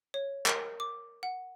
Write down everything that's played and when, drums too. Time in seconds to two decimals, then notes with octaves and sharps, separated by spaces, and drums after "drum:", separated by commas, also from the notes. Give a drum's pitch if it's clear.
0.14 C#5
0.46 A#4, drum: clap
0.80 D6
1.23 F#5